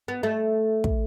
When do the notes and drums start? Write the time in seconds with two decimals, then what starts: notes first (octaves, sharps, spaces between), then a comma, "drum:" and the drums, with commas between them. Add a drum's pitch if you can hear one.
0.08 B3
0.23 A3
0.84 drum: kick